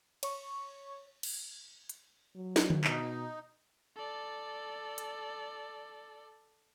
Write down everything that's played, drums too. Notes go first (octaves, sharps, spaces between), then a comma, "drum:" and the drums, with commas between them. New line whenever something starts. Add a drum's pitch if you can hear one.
C#5 C#6, drum: cymbal
drum: cymbal
drum: hi-hat
F#3
drum: snare
drum: tom D3
B2 D#4, drum: clap
A4 D5
drum: hi-hat